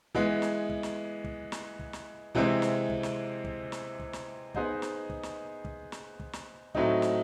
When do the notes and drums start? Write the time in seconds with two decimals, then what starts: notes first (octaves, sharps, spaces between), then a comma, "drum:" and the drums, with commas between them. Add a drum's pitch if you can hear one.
0.15 E3 G#3 B3, drum: kick
0.42 drum: snare
0.69 drum: kick
0.83 drum: snare
1.24 drum: kick
1.52 drum: snare
1.79 drum: kick
1.93 drum: snare
2.35 C3 E3 G#3 C4, drum: kick
2.62 drum: snare
2.89 drum: kick
3.03 drum: snare
3.45 drum: kick
3.72 drum: snare
4.00 drum: kick
4.13 drum: snare
4.54 B3 D#4 G#4 C5 D#5, drum: kick
4.82 drum: snare
5.10 drum: kick
5.23 drum: snare
5.65 drum: kick
5.92 drum: snare
6.20 drum: kick
6.33 drum: snare
6.75 A2 F#3 A3 C4 D#4, drum: kick
7.02 drum: snare